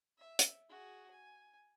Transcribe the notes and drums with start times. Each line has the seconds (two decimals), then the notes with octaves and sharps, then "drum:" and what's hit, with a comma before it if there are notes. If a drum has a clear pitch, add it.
0.18 E5
0.39 drum: hi-hat
0.69 F#4 G#4
1.10 G#5